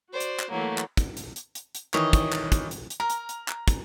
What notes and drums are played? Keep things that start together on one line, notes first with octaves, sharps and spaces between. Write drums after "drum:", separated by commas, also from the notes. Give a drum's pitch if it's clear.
F#4 C5 D5
drum: hi-hat
drum: clap
E3 F#3 A3 A#3
drum: clap
drum: kick, hi-hat
drum: hi-hat
drum: hi-hat
drum: hi-hat
drum: hi-hat
D#3 E3 C#5 D#5, drum: clap
drum: kick, hi-hat
drum: clap
drum: kick, hi-hat
drum: hi-hat
drum: hi-hat
A#4 A#5
drum: hi-hat
drum: hi-hat
drum: clap
drum: kick, hi-hat